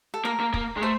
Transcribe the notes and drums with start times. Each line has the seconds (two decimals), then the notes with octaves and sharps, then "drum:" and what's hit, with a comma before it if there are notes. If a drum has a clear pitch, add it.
0.14 A4
0.25 A#3 A#4
0.40 A#3
0.54 A#3, drum: kick
0.77 G#3
0.81 A3 C5